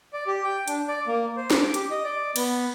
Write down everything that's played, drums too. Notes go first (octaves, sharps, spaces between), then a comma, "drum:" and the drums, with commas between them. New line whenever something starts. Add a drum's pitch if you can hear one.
D5
G4
G5
D4, drum: hi-hat
D5
A#3
C5
drum: snare
D6
G4, drum: hi-hat
D#5
D5
B3, drum: cymbal